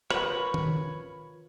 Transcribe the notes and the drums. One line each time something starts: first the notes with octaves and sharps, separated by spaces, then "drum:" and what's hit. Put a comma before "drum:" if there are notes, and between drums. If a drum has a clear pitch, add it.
F4 A#4 B4 C#5 B5, drum: rim click
drum: tom D#3